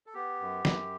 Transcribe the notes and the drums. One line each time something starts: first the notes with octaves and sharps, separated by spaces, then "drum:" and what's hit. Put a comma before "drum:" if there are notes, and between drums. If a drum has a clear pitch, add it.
A4
B3 G4
F#2
F#2, drum: snare